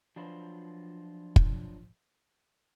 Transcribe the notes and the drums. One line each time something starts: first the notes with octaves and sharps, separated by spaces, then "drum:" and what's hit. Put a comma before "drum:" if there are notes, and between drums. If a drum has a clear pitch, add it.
F3 F#3 D4 F4 B4 C5
drum: kick